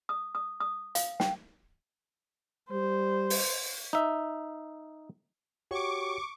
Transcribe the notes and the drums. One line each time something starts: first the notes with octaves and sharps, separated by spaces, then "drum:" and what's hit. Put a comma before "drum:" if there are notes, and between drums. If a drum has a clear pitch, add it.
D#6
D#6
D#6
F5, drum: hi-hat
G5, drum: snare
G3 C5
drum: open hi-hat
D#4 E5
F#4 G4 C#5 C#6 D6